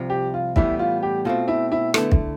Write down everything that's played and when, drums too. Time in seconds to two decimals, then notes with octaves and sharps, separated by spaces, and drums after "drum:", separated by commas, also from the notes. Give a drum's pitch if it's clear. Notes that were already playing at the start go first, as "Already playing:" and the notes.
Already playing: C2 C3 F3
0.10 G4
0.34 F4
0.56 A2 E3 G3 B3 E4, drum: kick
0.79 F4
1.03 G4
1.25 B2 A3 C4 F4
1.48 E4
1.72 E4
1.94 D3 A3 B3 E4 A4, drum: rim click
2.12 drum: kick